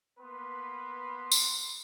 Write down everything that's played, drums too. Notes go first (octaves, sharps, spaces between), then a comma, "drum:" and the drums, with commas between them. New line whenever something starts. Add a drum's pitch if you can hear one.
A#3 B3 B4 C6
drum: tambourine